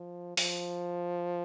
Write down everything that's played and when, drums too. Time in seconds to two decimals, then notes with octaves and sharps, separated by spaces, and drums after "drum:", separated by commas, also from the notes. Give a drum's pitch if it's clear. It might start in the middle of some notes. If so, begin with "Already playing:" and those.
Already playing: F3
0.37 F3, drum: open hi-hat